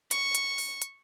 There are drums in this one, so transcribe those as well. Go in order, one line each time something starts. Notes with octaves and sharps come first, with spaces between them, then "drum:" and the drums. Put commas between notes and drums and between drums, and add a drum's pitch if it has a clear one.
C#6, drum: hi-hat
drum: hi-hat
drum: open hi-hat
drum: hi-hat